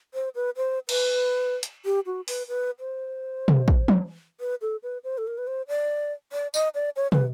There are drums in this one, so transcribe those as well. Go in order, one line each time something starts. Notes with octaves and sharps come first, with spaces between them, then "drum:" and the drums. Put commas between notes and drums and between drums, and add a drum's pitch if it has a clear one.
C5
B4
C5
B4, drum: cymbal
drum: hi-hat
G4
F#4
B4, drum: open hi-hat
B4
C5
drum: tom
drum: kick
drum: tom
B4
A4
B4
C5
A4
A#4
B4
C5
D5
D5
D#5, drum: tambourine
D5
C#5
B4, drum: tom